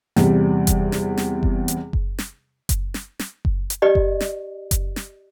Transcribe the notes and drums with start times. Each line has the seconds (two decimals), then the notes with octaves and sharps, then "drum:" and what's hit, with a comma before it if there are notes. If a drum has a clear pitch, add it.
0.16 E2 C3 G3, drum: snare
0.67 drum: kick F#1, hi-hat
0.92 drum: snare
1.17 drum: snare
1.43 drum: kick F#1
1.68 drum: hi-hat
1.93 drum: kick F#1
2.18 drum: snare
2.69 drum: kick F#1, hi-hat
2.94 drum: snare
3.19 drum: snare
3.45 drum: kick F#1
3.70 drum: hi-hat
3.82 G4 D5 D#5
3.95 drum: kick F#1
4.20 drum: snare
4.71 drum: kick F#1, hi-hat
4.96 drum: snare